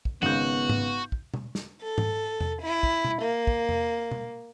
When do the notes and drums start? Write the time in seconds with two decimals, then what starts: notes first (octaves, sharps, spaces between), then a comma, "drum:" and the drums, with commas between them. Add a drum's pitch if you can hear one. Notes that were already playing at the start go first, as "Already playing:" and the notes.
0.05 drum: kick
0.22 G#1 C#3 B3 F#4 G6
0.69 drum: tom G#2
1.12 drum: kick
1.34 drum: tom B2
1.55 drum: snare
1.83 A4
1.98 drum: tom G#2
2.40 drum: tom E2
2.62 E4
2.83 drum: kick
3.05 drum: tom B2
3.22 A#3
3.47 drum: kick
3.69 drum: tom E2
4.11 drum: tom B2